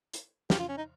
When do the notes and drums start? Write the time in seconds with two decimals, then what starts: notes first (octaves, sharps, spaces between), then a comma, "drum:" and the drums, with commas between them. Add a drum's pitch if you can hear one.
0.14 drum: hi-hat
0.50 G4, drum: snare
0.59 F4
0.69 C#4
0.77 D#4